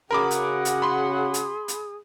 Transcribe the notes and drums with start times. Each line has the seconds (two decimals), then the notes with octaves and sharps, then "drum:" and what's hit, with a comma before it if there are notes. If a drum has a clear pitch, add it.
0.11 C#3 F#4 G#4 A#4 F#5 B5 D6
0.31 drum: hi-hat
0.65 drum: hi-hat
0.82 B5 C6
1.34 drum: hi-hat
1.68 drum: hi-hat